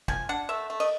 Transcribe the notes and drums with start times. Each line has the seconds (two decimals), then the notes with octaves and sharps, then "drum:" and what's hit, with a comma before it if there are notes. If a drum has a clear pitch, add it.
0.08 F3 G#5, drum: kick
0.29 D4 F#5
0.49 A3 E5
0.70 A3
0.80 D#5, drum: cymbal